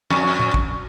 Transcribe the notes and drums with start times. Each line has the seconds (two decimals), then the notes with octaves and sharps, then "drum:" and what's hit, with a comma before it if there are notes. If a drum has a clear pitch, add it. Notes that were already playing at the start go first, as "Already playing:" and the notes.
0.10 F2
0.40 drum: tom A#2
0.54 drum: kick